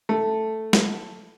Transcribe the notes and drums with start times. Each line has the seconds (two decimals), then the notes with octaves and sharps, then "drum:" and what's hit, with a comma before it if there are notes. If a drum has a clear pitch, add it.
0.09 A3
0.73 drum: snare